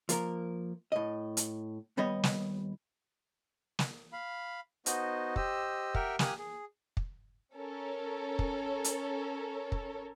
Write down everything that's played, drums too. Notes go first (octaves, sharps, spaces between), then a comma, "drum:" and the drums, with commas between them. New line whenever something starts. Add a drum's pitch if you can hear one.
F3 A#3 A#4, drum: hi-hat
A2 D#5
drum: hi-hat
D#2 G3 B3 C#5 D#5
drum: snare
drum: snare
F5 B5
B3 D#4 F#4 C5 D#5, drum: hi-hat
G4 C5 D#5 E6, drum: kick
G4 A#4 E5 F#5 G5 F6, drum: kick
A#3 G4 G#5 D#6 F6 F#6, drum: snare
G#4
drum: kick
C#4 A4 A#4 C#5
drum: kick
drum: hi-hat
drum: kick